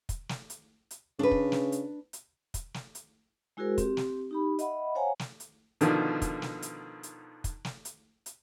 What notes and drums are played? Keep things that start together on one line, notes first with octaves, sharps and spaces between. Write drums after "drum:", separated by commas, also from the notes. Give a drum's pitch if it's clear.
drum: kick, hi-hat
drum: snare
drum: hi-hat
drum: hi-hat
C#3 D4 B4
drum: kick
drum: snare
drum: hi-hat
drum: hi-hat
drum: kick, hi-hat
drum: snare
drum: hi-hat
G#3 E4 F#4 G#4 A#4 C5
C4 G4, drum: kick, hi-hat
drum: snare
D#4 G4 B5
D#5 E5 F#5 B5, drum: hi-hat
C5 C#5 F5 F#5 G#5 A#5
drum: snare
drum: hi-hat
B2 D3 D#3 F3, drum: hi-hat
drum: kick, hi-hat
drum: snare
drum: hi-hat
drum: hi-hat
drum: kick, hi-hat
drum: snare
drum: hi-hat
drum: hi-hat